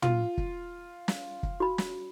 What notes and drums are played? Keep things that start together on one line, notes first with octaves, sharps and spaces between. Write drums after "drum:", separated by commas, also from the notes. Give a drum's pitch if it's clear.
F4, drum: tom
drum: kick
drum: snare
drum: kick
F#4 B5
drum: snare